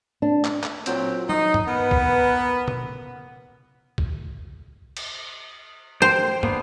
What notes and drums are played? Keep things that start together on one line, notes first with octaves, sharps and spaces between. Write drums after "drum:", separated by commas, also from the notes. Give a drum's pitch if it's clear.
D4
drum: clap
drum: clap
A#2 F#3 C4, drum: hi-hat
D#4, drum: tom
drum: tom
B3 A#4 B4
drum: kick
drum: tom
drum: kick
drum: cymbal
C5 G5
D3 A#3 B3, drum: tom